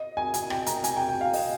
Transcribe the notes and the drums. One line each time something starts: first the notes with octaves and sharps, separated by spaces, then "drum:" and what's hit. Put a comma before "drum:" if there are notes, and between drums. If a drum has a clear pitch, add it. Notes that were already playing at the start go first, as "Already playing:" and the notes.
Already playing: D#5
G#5
G#5, drum: hi-hat
G5, drum: rim click
A#5, drum: hi-hat
G#5, drum: hi-hat
G5
G5
F5
D#5, drum: open hi-hat